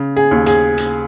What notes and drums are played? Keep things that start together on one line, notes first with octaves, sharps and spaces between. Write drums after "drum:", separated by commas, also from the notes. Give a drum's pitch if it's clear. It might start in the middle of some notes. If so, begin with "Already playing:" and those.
Already playing: C#3
G#4
D#2
G#4, drum: hi-hat
drum: hi-hat